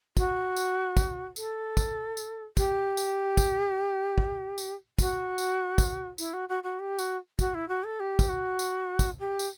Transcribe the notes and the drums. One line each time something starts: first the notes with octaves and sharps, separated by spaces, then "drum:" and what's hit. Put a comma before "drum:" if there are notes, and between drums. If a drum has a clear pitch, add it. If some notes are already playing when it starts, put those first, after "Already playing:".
F#4, drum: kick, tambourine
drum: tambourine
drum: kick, tambourine
A4, drum: tambourine
drum: kick, tambourine
drum: tambourine
G4, drum: kick, tambourine
drum: tambourine
drum: kick, tambourine
drum: kick
drum: tambourine
F#4, drum: kick, tambourine
drum: tambourine
drum: kick, tambourine
E4, drum: tambourine
F#4
F#4
F#4
G4
F#4, drum: tambourine
F#4, drum: kick, tambourine
E4
F#4
A4
G4
drum: kick, tambourine
F#4
drum: tambourine
drum: kick, tambourine
G4
drum: tambourine